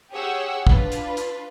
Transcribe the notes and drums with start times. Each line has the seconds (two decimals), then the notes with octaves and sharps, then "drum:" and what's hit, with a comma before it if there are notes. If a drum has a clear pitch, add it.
0.12 G4 G#4 C#5 F#5 G5 E6
0.67 D4 F4 B4, drum: kick
0.92 drum: hi-hat
1.17 drum: hi-hat